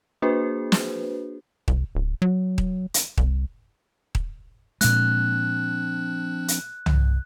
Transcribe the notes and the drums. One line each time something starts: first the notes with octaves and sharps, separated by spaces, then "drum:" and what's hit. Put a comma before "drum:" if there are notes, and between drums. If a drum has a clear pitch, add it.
A#3 D4 F#4 G#4 B4 C5
drum: snare
C2, drum: kick D#1
D1
F#3
drum: kick D#1
drum: hi-hat
C2, drum: kick D#1
drum: kick D#1
A#2 F3 G#3 C4 D4 F#6, drum: hi-hat
drum: hi-hat
drum: tom